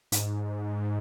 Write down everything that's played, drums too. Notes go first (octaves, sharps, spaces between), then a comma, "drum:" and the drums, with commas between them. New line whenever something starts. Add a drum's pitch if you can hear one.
G#2, drum: hi-hat